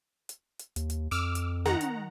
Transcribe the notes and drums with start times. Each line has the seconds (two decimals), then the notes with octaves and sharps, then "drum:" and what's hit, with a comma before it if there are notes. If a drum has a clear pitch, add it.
0.29 drum: hi-hat
0.59 drum: hi-hat
0.76 D#2, drum: hi-hat
0.90 drum: hi-hat
1.11 F2 D6 E6 F6
1.35 drum: hi-hat
1.65 D#3 F#5 A#5, drum: tom
1.81 drum: hi-hat